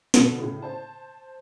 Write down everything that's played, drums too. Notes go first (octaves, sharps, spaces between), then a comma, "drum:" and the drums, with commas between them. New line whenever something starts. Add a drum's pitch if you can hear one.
B2 D3 B3 F#4 A4, drum: snare
A2 C#3
C5 A5